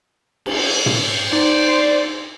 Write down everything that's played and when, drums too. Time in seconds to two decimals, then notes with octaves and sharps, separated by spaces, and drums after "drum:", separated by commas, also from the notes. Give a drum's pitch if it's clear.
0.46 drum: cymbal
0.86 drum: tom
1.33 D#4 C5 D5